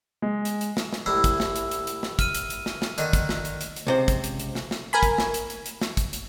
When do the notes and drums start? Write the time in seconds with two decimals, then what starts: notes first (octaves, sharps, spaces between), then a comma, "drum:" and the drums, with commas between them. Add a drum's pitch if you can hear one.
0.22 G#3
0.45 drum: hi-hat
0.61 drum: hi-hat
0.77 drum: snare
0.93 drum: snare
1.06 C2 A2 E4 E6
1.24 drum: kick, hi-hat
1.40 drum: snare
1.56 drum: hi-hat
1.71 drum: hi-hat
1.87 drum: hi-hat
2.03 drum: snare
2.19 F6 D#7, drum: kick, hi-hat
2.34 drum: hi-hat
2.50 drum: hi-hat
2.66 drum: snare
2.82 drum: snare
2.98 D3 D#3, drum: hi-hat
3.13 drum: kick, hi-hat
3.29 drum: snare
3.45 drum: hi-hat
3.61 drum: hi-hat
3.76 drum: hi-hat
3.87 C#2 C3 C5
4.08 drum: kick, hi-hat
4.24 drum: hi-hat
4.40 drum: hi-hat
4.55 drum: snare
4.71 drum: snare
4.93 A#4 G#5 B5
5.03 drum: kick, hi-hat
5.18 drum: snare
5.34 drum: hi-hat
5.50 drum: hi-hat
5.66 drum: hi-hat
5.81 drum: snare
5.97 drum: kick, hi-hat
6.13 drum: hi-hat